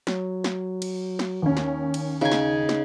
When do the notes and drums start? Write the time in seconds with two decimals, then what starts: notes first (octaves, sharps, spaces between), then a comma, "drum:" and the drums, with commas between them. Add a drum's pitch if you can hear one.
0.07 F#3, drum: snare
0.44 drum: snare
0.82 drum: cymbal
1.19 drum: snare
1.42 D#2 C#4
1.57 drum: snare
1.94 drum: cymbal
2.21 C#3 D#4 G#5
2.32 drum: snare
2.69 drum: snare